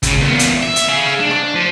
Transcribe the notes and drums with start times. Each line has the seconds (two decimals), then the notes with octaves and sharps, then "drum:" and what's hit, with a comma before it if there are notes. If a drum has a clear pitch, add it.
0.03 C#2 C#3, drum: kick, hi-hat
0.21 E2 A#2
0.39 drum: hi-hat
0.63 E5
0.76 drum: hi-hat
0.89 G#4 F5
1.20 D4
1.31 drum: rim click
1.55 F3